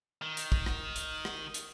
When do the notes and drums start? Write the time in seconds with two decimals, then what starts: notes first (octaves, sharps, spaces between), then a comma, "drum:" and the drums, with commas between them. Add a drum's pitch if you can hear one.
0.22 D#3
0.37 drum: hi-hat
0.52 drum: kick
0.66 drum: rim click
0.96 drum: hi-hat
1.25 drum: rim click
1.54 drum: hi-hat